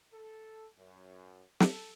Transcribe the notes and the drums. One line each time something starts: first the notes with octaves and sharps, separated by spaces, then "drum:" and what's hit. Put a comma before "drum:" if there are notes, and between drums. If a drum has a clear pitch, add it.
A4
F#2
A4, drum: snare